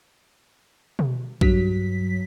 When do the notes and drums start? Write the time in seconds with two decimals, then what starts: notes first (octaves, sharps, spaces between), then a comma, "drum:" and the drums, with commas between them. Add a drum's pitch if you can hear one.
0.99 drum: tom B2
1.41 G2 F#3 B6, drum: kick A#1